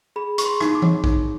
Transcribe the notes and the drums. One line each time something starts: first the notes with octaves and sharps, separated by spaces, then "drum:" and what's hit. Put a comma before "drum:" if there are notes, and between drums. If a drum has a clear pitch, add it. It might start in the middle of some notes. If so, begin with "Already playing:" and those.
G#4 B5
G#4 C#6, drum: hi-hat
C6
D#4, drum: rim click
D6
C#5, drum: tom E3
D#4, drum: kick A#1